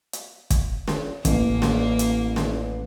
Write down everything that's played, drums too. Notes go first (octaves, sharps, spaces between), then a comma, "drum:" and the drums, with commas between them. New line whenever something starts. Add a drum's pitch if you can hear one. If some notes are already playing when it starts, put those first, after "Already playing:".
drum: hi-hat
drum: kick, hi-hat
drum: snare
A1 A#3, drum: kick, hi-hat
drum: snare
drum: hi-hat
drum: snare